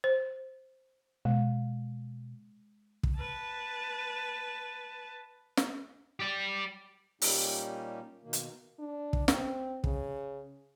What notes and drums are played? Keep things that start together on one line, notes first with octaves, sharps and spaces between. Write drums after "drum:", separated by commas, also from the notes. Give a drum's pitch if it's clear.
C5
B2 G#3
drum: kick
B4 A5
drum: snare
G4 D5
A#2 G3 A#3 C#4 D#4 G4, drum: open hi-hat
B2 D#3 A#3
drum: hi-hat
D4
drum: kick
C4, drum: snare
C#3, drum: kick